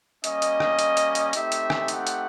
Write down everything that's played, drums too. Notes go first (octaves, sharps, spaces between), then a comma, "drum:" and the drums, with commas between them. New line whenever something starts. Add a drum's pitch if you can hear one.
G3 A#3 C#4 D#5, drum: hi-hat
drum: hi-hat
drum: rim click
drum: hi-hat
drum: hi-hat
drum: hi-hat
A3 C4 D#4 G4 E5, drum: hi-hat
drum: hi-hat
drum: rim click
F#5, drum: hi-hat
drum: hi-hat